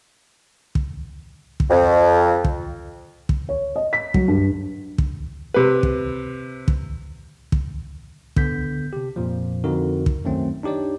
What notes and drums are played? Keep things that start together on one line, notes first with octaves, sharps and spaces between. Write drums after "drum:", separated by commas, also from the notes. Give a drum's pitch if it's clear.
drum: kick
drum: kick
F2
drum: kick
drum: kick
C#5
D#5
B6
F#3, drum: kick
G2
drum: kick
C3 B4
drum: kick
drum: kick
drum: kick
D3 B3 G6 B6, drum: kick
C3 G4
F2 A#2 F3
F2 D3 D#4 F#4 A#4
drum: kick
F#2 D#3 F#3 A3 C4
D4 D#4 G4 C#5 D5